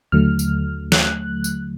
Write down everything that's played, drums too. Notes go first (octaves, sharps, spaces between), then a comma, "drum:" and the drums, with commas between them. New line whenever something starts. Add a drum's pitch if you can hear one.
D#2 D3 F#3 A3 F6
drum: tambourine
F#6, drum: snare
drum: tambourine